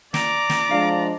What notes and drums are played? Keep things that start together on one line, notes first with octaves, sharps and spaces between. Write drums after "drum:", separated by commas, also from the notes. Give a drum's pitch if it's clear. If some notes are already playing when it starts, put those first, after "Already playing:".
D5 A#5 D6, drum: snare
drum: snare
F3 G#3 D4 F5